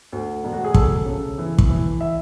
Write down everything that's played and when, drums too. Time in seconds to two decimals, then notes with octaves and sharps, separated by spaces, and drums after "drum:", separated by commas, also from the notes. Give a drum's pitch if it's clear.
0.12 D2
0.44 E1
0.53 F#4
0.64 G#4
0.74 E1 A4, drum: kick
1.06 C#3
1.38 E3
1.58 drum: kick
1.69 E3
2.01 E5